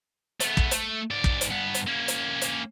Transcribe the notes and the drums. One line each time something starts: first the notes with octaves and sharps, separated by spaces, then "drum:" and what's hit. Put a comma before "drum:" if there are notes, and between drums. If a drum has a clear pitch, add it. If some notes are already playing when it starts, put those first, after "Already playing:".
A3 B3, drum: hi-hat
drum: kick
A3, drum: hi-hat
G#2 D5
drum: kick
drum: hi-hat
G2 B3
drum: hi-hat
A#3 C#4
drum: hi-hat
drum: hi-hat